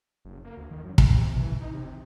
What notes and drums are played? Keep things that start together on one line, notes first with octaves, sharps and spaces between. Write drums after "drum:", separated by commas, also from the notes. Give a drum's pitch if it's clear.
F#1
A#3
D2
D#3
F#2
C2, drum: kick
C3
E3
D#4
C3